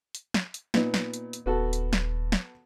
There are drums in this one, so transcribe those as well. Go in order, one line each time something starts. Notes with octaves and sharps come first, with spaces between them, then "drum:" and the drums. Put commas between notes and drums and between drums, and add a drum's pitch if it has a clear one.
drum: hi-hat
drum: snare
drum: hi-hat
A#2 B3 D#4, drum: snare
drum: snare
drum: hi-hat
drum: hi-hat
D#1 B3 F#4 A4
drum: hi-hat
drum: snare
drum: snare